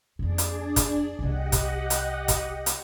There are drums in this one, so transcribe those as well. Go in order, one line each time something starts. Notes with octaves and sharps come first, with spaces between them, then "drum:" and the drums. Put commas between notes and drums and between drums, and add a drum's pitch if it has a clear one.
F2 A#3 D4 G#4 D5
drum: hi-hat
drum: kick, hi-hat
C2 A#3 G4 D#5 F#5
drum: kick, hi-hat
drum: hi-hat
drum: kick, hi-hat
drum: hi-hat